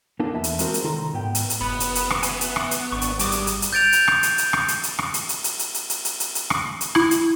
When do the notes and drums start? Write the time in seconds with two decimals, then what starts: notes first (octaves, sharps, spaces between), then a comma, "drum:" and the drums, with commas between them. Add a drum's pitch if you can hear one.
0.19 A#3 B3 D4 D#4 F4 A4
0.34 E2 E5 A5
0.44 drum: hi-hat
0.59 G#3 C4 E4 F#4 A#4 C5, drum: hi-hat
0.74 drum: hi-hat
0.84 C2 D#3 F4 A4 A#5 C6
1.13 G#2 B3 G5
1.35 drum: hi-hat
1.50 drum: hi-hat
1.61 F#1 B3 B5
1.80 drum: hi-hat
1.95 drum: hi-hat
2.10 drum: rim click
2.23 E5 G#5, drum: hi-hat
2.41 drum: hi-hat
2.56 drum: rim click
2.71 drum: hi-hat
2.92 G#1 D4 C#6
3.01 drum: hi-hat
3.19 G2 G4 D6 D#6, drum: hi-hat
3.32 drum: hi-hat
3.47 drum: hi-hat
3.62 drum: hi-hat
3.73 G6 A6 D7 F7
3.92 drum: hi-hat
4.08 drum: rim click
4.23 drum: hi-hat
4.38 drum: hi-hat
4.53 drum: rim click
4.68 drum: hi-hat
4.83 drum: hi-hat
4.99 drum: rim click
5.14 drum: hi-hat
5.29 drum: hi-hat
5.44 drum: hi-hat
5.59 drum: hi-hat
5.74 drum: hi-hat
5.90 drum: hi-hat
6.05 drum: hi-hat
6.20 drum: hi-hat
6.35 drum: hi-hat
6.50 drum: rim click
6.81 drum: hi-hat
6.95 E4, drum: rim click
7.11 drum: hi-hat